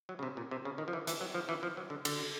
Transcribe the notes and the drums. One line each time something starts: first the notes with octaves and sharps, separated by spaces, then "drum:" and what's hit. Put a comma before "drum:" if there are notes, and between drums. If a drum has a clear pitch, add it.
F#3
C#3
C3
A#2
C3
C#3
D#3
F3
E3
E3, drum: hi-hat
F#3
F3
E3
F3
F#3
D3
D3, drum: cymbal